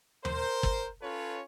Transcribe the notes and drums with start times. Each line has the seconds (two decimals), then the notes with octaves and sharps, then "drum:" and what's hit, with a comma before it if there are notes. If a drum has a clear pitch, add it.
0.25 A#4 C5, drum: tom D#2
0.63 drum: kick
1.02 C#4 F4 A4 B4 C#5